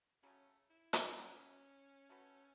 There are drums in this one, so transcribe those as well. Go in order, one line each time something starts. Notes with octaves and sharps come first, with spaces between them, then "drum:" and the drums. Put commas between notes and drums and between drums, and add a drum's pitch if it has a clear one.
C#3 F#3 A3 C#4
E4
C#4, drum: hi-hat
A3 C#4 F#4 B4
A3 F#4 B4